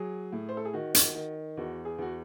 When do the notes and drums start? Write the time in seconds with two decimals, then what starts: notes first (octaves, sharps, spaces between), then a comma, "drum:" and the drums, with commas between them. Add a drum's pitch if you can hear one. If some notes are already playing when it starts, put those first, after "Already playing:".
Already playing: F#3 G#4
0.32 A2
0.49 C5
0.57 A4
0.65 G#4
0.73 D#3 F#4
0.95 drum: hi-hat
1.15 D#3
1.57 E2 F#4
1.85 G#4
1.98 E2 F#4